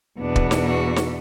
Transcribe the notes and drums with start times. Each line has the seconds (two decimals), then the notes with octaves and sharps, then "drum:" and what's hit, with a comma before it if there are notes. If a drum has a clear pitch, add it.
0.20 E2 B2 B3 D4
0.36 drum: kick
0.51 drum: snare
0.66 F#4
0.96 drum: snare